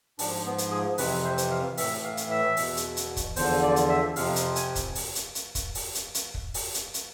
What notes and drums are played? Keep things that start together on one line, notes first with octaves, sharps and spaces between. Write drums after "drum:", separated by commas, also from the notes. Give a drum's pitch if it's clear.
G#2 F3 D4, drum: open hi-hat
B3
drum: hi-hat
G#4
F2 C3 E3 B4, drum: open hi-hat
C5
drum: hi-hat
F5
A2 E3 E5, drum: open hi-hat
F5
drum: hi-hat
E5
E2 B2, drum: open hi-hat
drum: hi-hat
drum: hi-hat
drum: kick, hi-hat
E2 D3 F3 C5, drum: open hi-hat
D5
drum: hi-hat
E5
F2 C3 F3 F5, drum: open hi-hat
drum: hi-hat
G#5, drum: hi-hat
drum: kick, hi-hat
drum: open hi-hat
drum: hi-hat
drum: hi-hat
drum: kick, hi-hat
drum: open hi-hat
drum: hi-hat
drum: hi-hat
drum: kick
drum: open hi-hat
drum: hi-hat
drum: hi-hat